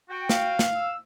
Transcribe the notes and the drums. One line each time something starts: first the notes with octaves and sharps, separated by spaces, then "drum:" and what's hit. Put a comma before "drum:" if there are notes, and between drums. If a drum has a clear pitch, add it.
F#4 G5
F5, drum: snare
drum: snare
E6